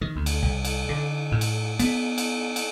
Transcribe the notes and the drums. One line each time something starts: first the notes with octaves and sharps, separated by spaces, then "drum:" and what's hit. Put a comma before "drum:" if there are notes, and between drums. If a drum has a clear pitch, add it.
D#3
D2
drum: cymbal
C2
drum: cymbal
D3
A2
drum: cymbal
B3, drum: cymbal
drum: cymbal
drum: cymbal